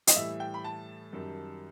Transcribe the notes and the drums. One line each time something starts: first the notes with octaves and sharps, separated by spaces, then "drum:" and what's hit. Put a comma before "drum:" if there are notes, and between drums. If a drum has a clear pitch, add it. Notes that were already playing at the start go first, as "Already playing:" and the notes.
D#5, drum: hi-hat
A2 E3 G3 E5
G5
B5
A5
F#2 D#3 G3